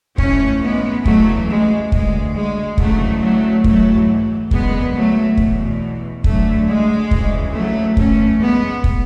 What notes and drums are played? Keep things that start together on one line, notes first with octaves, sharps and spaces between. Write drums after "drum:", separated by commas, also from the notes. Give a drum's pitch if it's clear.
G#2 E3 A3 C#4, drum: kick
G#3 B3
E2 C#3 E3 F#3 A3, drum: kick
G#3
D2 D3 G#3, drum: kick
G#3
D2 C#3 E3 F#3 A3, drum: kick
F#3 A3
G#2 E3 F#3 A3, drum: kick
F#2 D3 G#3 B3, drum: kick
F#3 A3
E2 B2, drum: kick
D2 D3 F#3 A3, drum: kick
G#3
D2 C#3 E3, drum: kick
F#3 A3
F#2 E3 A3 C#4, drum: kick
G#3 B3
drum: kick